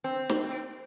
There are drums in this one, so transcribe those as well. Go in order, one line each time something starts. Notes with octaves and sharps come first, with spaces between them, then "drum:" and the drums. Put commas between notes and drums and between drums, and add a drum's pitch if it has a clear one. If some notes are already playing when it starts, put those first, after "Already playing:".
C4
drum: snare